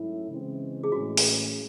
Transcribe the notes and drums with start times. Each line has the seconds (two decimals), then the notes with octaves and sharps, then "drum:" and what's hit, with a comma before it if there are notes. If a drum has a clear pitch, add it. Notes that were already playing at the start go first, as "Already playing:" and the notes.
Already playing: G#2 F#3 A3 C#4 E4
0.29 C#3 E3 G#3 C4
0.83 G#4
0.92 A2 E3 G#3 C#4 F#4
1.17 drum: open hi-hat